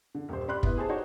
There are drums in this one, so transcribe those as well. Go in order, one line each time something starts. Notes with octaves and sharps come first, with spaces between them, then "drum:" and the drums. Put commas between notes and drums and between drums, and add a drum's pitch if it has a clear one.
D3
D#1 C5
G4 D5 B5 C6 F#6
B3 E4 B4, drum: kick
G4 G#4 C5 A5
D#4 F#4 G4 C5 C#5